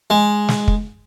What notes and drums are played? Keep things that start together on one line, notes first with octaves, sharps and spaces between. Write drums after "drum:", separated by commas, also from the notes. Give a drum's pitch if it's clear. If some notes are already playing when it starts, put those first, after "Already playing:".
G#3
drum: snare
drum: kick